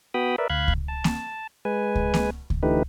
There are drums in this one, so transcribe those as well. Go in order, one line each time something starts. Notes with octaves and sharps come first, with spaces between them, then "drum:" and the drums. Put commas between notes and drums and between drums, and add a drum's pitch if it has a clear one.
B3 F#4 G5 B5 D#6
A#4 B4 D5 E5
D2 F5 B5 F#6 G#6
drum: kick C#2
A5
drum: snare A#3
G#3 B4 G#5
drum: kick C#2
drum: snare A#3
drum: kick C#2
D3 E3 A3 D#4 G4 B4